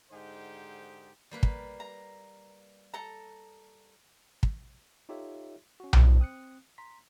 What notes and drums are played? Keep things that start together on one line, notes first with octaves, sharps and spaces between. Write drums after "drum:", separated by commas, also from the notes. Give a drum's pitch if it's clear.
G#2 D3 G#3 D#4 G4 C5
G3 A#3 B4
drum: kick
A#5
A4 A#5
drum: kick
D#4 F4 G4 A4 C#5 E5
C#4 F#4
drum: tom B1
F#2 F3 G3 C4 D#4
C4 D#6 F#6 C#7
A#5 C6 B6